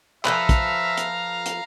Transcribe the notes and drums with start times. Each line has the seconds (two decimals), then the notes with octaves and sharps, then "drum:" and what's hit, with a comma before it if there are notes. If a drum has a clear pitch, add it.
0.25 F3 A4 B4 E5 F5 A#5, drum: clap
0.49 drum: kick, hi-hat
0.97 drum: hi-hat
1.46 drum: hi-hat